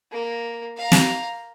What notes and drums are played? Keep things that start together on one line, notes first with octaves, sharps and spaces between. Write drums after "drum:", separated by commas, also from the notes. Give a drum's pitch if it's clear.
A#3
F5 A#5
drum: snare